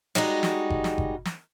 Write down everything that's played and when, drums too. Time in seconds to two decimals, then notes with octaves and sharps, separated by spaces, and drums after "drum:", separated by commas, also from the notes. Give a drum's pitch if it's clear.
0.15 G3 G#3 D#4 F#4, drum: snare
0.43 drum: snare
0.70 drum: kick G1
0.84 drum: snare
0.98 drum: kick G1
1.25 drum: snare